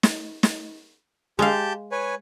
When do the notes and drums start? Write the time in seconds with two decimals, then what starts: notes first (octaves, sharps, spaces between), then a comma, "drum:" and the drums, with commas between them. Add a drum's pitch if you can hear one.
0.03 drum: snare
0.43 drum: snare
1.39 G#3 G4 F5 A5 G6
1.92 B4 C#5 G#5